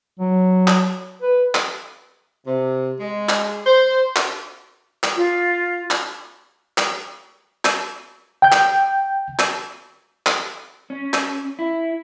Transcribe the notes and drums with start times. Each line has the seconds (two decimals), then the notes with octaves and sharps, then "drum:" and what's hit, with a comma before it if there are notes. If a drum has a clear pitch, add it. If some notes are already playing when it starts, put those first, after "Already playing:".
0.19 F#3
0.68 drum: clap
1.22 B4
1.55 drum: clap
2.46 C3
3.00 G#3
3.29 drum: clap
3.66 C5
4.16 drum: clap
5.03 drum: clap
5.16 F4
5.91 drum: clap
6.78 drum: clap
7.65 drum: clap
8.42 G5 G6
8.52 drum: clap
9.39 drum: clap
10.26 drum: clap
10.90 C#4
11.14 drum: clap
11.59 E4